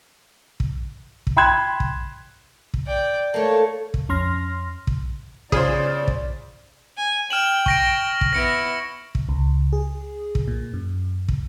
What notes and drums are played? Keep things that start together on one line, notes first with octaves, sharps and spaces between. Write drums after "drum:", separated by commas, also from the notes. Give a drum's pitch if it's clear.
drum: kick
drum: kick
G5 B5 C6 F#6 G#6 E7
drum: kick
drum: kick
D5 G5
A3 A#3 C#5 A5
drum: kick
F2 C#4 C6 F6 A#6
drum: kick
C#3 F4 G#4 C5 D5, drum: kick
drum: kick
G#5
G5 F6 E7 F#7
C#6 A#6 D7, drum: kick
drum: kick
B3 E4 A#6 C#7 D7
drum: kick
C#2
G#4
drum: kick
A#2
F#2
drum: kick